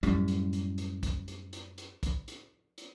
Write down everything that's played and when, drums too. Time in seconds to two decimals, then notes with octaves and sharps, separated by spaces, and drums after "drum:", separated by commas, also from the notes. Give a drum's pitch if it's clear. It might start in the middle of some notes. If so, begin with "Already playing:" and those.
0.03 F#2 A2 G3, drum: kick, hi-hat
0.28 drum: hi-hat
0.53 drum: hi-hat
0.78 drum: hi-hat
1.03 drum: kick, hi-hat
1.28 drum: hi-hat
1.53 drum: hi-hat
1.78 drum: hi-hat
2.03 drum: kick, hi-hat
2.28 drum: hi-hat
2.78 drum: hi-hat